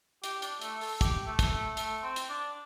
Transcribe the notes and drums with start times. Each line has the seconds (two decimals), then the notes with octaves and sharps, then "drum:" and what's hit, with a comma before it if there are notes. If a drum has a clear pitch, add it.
0.24 G4, drum: hi-hat
0.42 D4, drum: hi-hat
0.61 A3, drum: hi-hat
0.81 A4, drum: open hi-hat
1.01 G4, drum: kick, hi-hat
1.26 A3
1.39 drum: kick, hi-hat
1.52 A3
1.77 A3, drum: hi-hat
2.03 C4
2.16 drum: hi-hat
2.29 D4